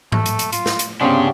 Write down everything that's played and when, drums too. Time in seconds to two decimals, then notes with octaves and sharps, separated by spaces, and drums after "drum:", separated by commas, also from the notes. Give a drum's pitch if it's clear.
0.12 A3, drum: tom G#2
0.26 drum: hi-hat
0.39 drum: hi-hat
0.52 F4, drum: hi-hat
0.66 drum: snare
0.79 drum: hi-hat
1.01 C2 C#3 B3 C#4 D4 G4 C5